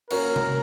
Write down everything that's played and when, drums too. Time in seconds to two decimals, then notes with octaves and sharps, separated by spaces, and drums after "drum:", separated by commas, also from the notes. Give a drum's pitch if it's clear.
0.10 A#3 C#4 F#4 A#4, drum: cymbal
0.36 drum: tom C3